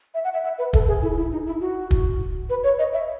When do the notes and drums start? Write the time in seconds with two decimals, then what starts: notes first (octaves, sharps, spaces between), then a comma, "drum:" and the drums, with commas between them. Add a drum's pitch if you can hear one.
0.14 E5
0.24 F#5
0.33 E5
0.44 E5
0.58 B4
0.73 A4, drum: kick
0.88 G#4
1.02 E4
1.17 E4
1.32 D#4
1.47 E4
1.61 F#4
1.91 drum: kick
2.50 B4
2.64 C#5
2.79 D#5
2.93 E5